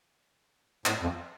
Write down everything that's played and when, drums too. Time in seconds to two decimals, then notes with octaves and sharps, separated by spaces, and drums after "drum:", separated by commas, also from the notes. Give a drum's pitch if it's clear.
0.86 A2, drum: clap
1.01 F2